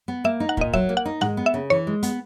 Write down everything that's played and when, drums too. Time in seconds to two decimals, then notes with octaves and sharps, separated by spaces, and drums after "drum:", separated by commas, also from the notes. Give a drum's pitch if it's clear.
0.08 B3
0.24 A#3 E5
0.40 D#4
0.49 F#5
0.57 A#2 D#5, drum: kick
0.73 F#3 E5, drum: kick
0.89 A#3
0.97 F#5
1.05 D#4
1.21 G#3 F#5, drum: tom G#2
1.37 B3
1.46 E5
1.54 C#3
1.70 E3 C#5
1.87 G#3
2.03 B3, drum: hi-hat